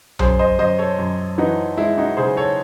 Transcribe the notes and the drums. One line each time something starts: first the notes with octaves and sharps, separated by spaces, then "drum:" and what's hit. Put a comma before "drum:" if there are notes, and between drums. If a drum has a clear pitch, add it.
F#2 G#4 C5, drum: tom B1
C5 D#5
F#2 C5 D#5
A4 C#5
F#2
E3 D#4 F#4
G#3 E4
D#4 F#4
C#3 G#4 C5
A4 C#5